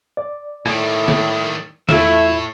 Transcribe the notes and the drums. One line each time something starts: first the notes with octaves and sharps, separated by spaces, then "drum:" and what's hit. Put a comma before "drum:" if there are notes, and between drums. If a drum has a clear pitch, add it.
D5
A2 D#3 G3, drum: rim click
drum: snare
E2 A2 A3 E4 F4 E5, drum: snare